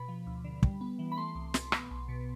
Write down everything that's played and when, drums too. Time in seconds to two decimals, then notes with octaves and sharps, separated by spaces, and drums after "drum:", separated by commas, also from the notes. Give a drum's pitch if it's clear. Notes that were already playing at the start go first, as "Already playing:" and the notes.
Already playing: B2 B5
0.08 F3
0.26 D2
0.44 D3
0.63 G3, drum: kick
0.81 B3
0.99 E3
1.12 B5
1.17 A3 C6
1.35 C2
1.54 B2, drum: snare
1.72 B3, drum: rim click
1.91 B1
2.08 B2